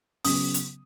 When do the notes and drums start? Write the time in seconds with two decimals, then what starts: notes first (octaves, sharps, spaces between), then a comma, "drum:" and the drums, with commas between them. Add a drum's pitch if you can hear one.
0.25 C#3 F#3 B3 D#6, drum: open hi-hat
0.54 drum: hi-hat